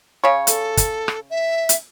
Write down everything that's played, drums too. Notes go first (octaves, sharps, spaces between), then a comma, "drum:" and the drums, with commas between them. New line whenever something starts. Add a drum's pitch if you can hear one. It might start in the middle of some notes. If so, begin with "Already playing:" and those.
C#3 C#5
A4, drum: hi-hat
drum: kick, hi-hat
drum: rim click
E5
drum: hi-hat